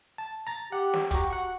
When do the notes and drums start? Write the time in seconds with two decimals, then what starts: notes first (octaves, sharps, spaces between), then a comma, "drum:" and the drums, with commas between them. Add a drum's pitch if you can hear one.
0.18 A5
0.47 A#5 A6
0.72 G4 F#5
0.94 drum: snare
1.11 F#4 G4 A#5, drum: kick, hi-hat
1.30 F#5 C#6